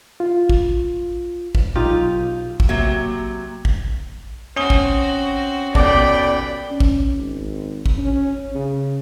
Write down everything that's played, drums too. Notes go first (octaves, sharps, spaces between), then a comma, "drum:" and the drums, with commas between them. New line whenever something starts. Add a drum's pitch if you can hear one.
F4
drum: kick
drum: kick
B1 D#4 F4 G4
drum: kick
C3 F#3 A#3
drum: kick
C4 C#4 F#4 D#6 G7
drum: kick
D#1 B2 D5 G5 B5 D6, drum: kick
C#4
drum: kick
G#1
drum: kick
C#4
C#3